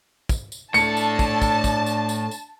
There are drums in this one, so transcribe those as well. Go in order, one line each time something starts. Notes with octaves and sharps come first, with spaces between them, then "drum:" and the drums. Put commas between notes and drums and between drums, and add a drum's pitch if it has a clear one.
drum: kick, tambourine
drum: tambourine
A2 D4 A4 A5 C#7, drum: tambourine
drum: tambourine
drum: kick, tambourine
drum: kick, tambourine
drum: kick, tambourine
drum: tambourine
drum: tambourine
drum: tambourine